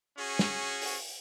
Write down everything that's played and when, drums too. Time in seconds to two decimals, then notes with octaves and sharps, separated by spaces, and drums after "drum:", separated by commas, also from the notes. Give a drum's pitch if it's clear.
0.18 C#4 F#4 G#4
0.39 drum: snare
0.82 drum: open hi-hat